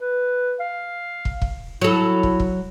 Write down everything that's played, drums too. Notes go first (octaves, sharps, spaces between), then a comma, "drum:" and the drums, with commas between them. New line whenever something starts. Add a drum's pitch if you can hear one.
B4
F5
drum: kick
drum: kick
F#3 E4 A4
drum: kick
drum: kick